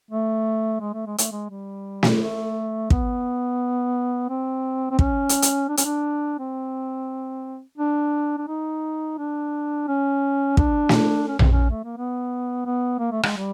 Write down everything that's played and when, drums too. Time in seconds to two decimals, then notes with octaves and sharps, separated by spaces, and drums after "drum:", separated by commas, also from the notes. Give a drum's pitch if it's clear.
0.11 A3
0.81 G#3
0.93 A3
1.06 G#3
1.18 A3, drum: hi-hat
1.31 G#3
1.50 G3
2.03 drum: snare
2.19 A3
2.90 B3, drum: kick
4.29 C4
4.91 C4
4.99 C#4, drum: kick
5.29 drum: hi-hat
5.42 drum: hi-hat
5.68 D4
5.77 C#4, drum: hi-hat
5.85 D4
6.39 C4
7.78 D4
8.37 D4
8.48 D#4
9.18 D4
9.88 C#4
10.57 D4, drum: kick
10.89 drum: snare
11.27 C#4
11.39 C4, drum: tom A#1
11.52 C#4
11.70 A3
11.84 A#3
11.97 B3
12.66 B3
12.99 A#3
13.12 A3
13.23 G#3, drum: rim click
13.37 G3